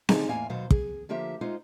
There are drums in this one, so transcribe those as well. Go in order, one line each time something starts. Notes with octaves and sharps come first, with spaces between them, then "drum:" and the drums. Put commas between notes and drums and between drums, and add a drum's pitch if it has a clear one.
D3 C4 D4 D#4 G4 G#4, drum: snare C4
E2 A2 A#3 F5 G#5
D#2 B2 D#3 F#3 C5 F5
G#4, drum: kick
D3 F3 A#3 G4 E5
G#3 D#4 F4 C5